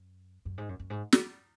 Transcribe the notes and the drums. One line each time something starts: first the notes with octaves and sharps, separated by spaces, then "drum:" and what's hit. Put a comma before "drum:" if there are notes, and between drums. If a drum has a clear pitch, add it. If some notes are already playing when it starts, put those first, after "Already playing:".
Already playing: F#2
F#2
G#2
F#2
F#2
G#2
drum: snare